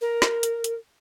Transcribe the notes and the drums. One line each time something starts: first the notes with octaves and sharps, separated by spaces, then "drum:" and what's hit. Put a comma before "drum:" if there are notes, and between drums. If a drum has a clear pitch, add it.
A#4
drum: snare
drum: hi-hat
drum: hi-hat